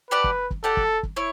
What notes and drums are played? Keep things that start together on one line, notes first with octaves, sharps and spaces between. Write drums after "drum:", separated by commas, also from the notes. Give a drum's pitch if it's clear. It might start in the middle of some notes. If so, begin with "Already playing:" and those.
G4 B4 D5 F#5 A5
drum: kick
drum: kick
G4 A4 D5 F#5 A5
drum: kick
drum: kick
E4 C#5